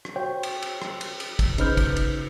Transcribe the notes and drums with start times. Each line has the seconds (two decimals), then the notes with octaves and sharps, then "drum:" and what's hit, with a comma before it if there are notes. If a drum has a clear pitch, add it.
0.05 drum: rim click
0.16 F#4 C5 C#5 G5
0.43 drum: cymbal
0.62 drum: cymbal
0.82 drum: rim click
1.01 drum: cymbal
1.20 drum: cymbal
1.39 drum: kick, cymbal
1.58 C#3 D#4 B4 C5 F6 G6, drum: cymbal
1.77 drum: kick, cymbal
1.97 drum: cymbal